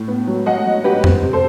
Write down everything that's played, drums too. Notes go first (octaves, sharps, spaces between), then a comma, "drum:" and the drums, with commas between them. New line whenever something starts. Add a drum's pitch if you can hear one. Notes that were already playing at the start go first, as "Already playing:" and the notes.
Already playing: A2
B3
F#3
F#3 D#5 F#5
F#3
F#3 G4 B4
C4, drum: tom F2
C3
A4 C5